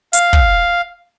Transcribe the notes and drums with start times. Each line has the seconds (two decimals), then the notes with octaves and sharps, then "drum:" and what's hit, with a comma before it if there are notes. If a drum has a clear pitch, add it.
0.13 F5, drum: hi-hat
0.33 drum: kick